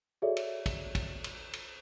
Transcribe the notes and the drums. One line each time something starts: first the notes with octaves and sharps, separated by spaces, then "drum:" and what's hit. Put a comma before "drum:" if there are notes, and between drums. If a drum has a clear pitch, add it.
F#4 G#4 A4 C#5 D5 E5
drum: cymbal
drum: kick, cymbal
drum: kick, cymbal
drum: cymbal
drum: cymbal